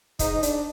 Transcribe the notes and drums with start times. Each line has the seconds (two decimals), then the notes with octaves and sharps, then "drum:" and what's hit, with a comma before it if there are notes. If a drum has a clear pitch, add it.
0.19 G#2 D#4, drum: kick, hi-hat
0.34 G#2
0.43 D4, drum: hi-hat